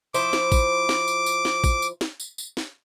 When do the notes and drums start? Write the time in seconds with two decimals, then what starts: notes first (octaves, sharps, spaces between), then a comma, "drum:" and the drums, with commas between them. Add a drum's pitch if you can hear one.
0.14 F3 E4 C5 D6, drum: tambourine
0.33 drum: snare
0.52 drum: kick, tambourine
0.89 drum: snare
1.08 drum: tambourine
1.26 drum: tambourine
1.45 drum: snare
1.64 drum: kick, tambourine
1.82 drum: tambourine
2.01 drum: snare
2.20 drum: tambourine
2.38 drum: tambourine
2.57 drum: snare